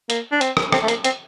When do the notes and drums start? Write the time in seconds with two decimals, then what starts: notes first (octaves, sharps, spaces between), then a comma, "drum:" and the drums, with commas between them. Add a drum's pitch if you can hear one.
0.10 A#3, drum: hi-hat
0.32 D4
0.41 C4, drum: hi-hat
0.57 drum: rim click
0.72 C4, drum: rim click
0.83 A3
0.88 A#3, drum: hi-hat
1.04 C4, drum: hi-hat